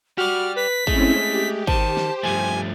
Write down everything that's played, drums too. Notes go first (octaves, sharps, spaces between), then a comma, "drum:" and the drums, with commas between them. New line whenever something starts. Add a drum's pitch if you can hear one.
F#4 G4 D5 F6
B4 B6
G#3 A3 C4 C#4 E4, drum: kick
G4
D#3 C5 A5, drum: kick
drum: snare
G2 F3 A3 G#5